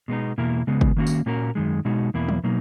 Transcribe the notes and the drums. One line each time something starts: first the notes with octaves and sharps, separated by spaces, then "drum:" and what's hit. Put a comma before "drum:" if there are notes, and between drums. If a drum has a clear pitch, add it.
B2 G#3 B3 D#4
E2 B2 A#3 E4 A#4
C#3 G#3 B3
drum: kick
D#3 A#3 C#4 F#4
drum: tambourine
A#2 A#3 C#4 F#4 A#4
F#2 D#3 G#3
B2 G#3 D#4 F#4
E2 B2 A#3 E4
drum: tom
B2 F#3 A#3 D#4